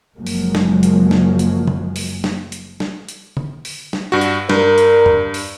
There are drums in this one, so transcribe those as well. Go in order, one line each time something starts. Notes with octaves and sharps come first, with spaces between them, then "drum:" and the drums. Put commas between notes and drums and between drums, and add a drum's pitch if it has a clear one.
F#1 F#2 F3 F#3 G#3 A#3
drum: open hi-hat
drum: snare
drum: hi-hat
drum: snare
drum: hi-hat
drum: tom
drum: open hi-hat
drum: snare
drum: hi-hat
drum: snare
drum: hi-hat
drum: tom
drum: open hi-hat
drum: snare
G2 F#4
drum: hi-hat
G2 A#4, drum: snare
drum: hi-hat
drum: tom E2
drum: open hi-hat